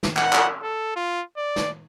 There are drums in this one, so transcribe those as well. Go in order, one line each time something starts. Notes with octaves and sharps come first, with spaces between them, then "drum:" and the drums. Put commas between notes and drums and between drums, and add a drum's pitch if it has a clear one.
drum: snare
F#5, drum: clap
drum: clap
A4
F4
D5
drum: snare